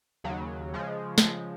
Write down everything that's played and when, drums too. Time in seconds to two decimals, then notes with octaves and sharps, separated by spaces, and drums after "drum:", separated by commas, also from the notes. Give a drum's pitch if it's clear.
0.24 D#2 C#3 F#3
0.74 C#3 F3 G#3
1.18 drum: snare